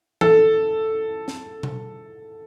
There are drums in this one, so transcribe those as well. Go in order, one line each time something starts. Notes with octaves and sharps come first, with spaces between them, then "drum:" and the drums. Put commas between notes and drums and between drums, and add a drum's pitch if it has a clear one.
A4, drum: tom E3
drum: snare
drum: tom B2